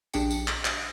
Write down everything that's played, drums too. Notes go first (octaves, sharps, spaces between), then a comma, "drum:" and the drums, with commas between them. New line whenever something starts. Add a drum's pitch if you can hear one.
A#1 D4 G4 G#4 G5 C#7, drum: tambourine
drum: tambourine
drum: clap
drum: clap